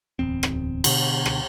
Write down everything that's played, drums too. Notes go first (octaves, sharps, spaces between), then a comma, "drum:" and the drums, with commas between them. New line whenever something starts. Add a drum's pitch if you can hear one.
D1 E2 C4
drum: rim click
B2 D3, drum: cymbal
drum: rim click